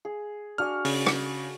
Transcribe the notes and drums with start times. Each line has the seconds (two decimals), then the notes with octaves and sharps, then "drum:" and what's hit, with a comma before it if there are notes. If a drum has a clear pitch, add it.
0.05 G#4
0.58 D4 F#4 G#5 F6
0.85 C#3, drum: open hi-hat
1.06 drum: rim click